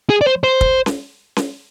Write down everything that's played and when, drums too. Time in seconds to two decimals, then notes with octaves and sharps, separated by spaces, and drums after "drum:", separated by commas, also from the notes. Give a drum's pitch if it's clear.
0.10 G#4
0.21 D5
0.27 C5
0.44 C5
0.61 drum: kick
0.86 drum: snare C#4
1.36 drum: snare C#4